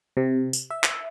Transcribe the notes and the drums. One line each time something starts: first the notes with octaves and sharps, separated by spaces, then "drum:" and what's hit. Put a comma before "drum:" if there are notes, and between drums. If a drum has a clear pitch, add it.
C3
drum: tambourine
E5
drum: clap